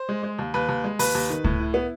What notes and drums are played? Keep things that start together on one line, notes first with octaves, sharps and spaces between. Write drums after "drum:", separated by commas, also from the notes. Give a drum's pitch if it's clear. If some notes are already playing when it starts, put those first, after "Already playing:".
Already playing: C5
G#3
G#3
D#2
D#2 B4
D#2
G#3
D#2 B4, drum: open hi-hat
D#2
D#3
A2, drum: kick C#2
E4
B3